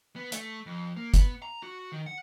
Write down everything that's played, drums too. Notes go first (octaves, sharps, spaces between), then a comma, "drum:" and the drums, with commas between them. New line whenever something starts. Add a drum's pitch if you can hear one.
B3
A3, drum: hi-hat
F2
A#3
B3, drum: kick, hi-hat
A#5
F#4
D#3
F#5